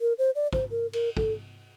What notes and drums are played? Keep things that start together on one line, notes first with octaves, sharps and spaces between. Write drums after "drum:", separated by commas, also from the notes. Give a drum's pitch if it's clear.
A#4
C5
D5
C5, drum: kick
A#4
A#4, drum: cymbal
A4, drum: kick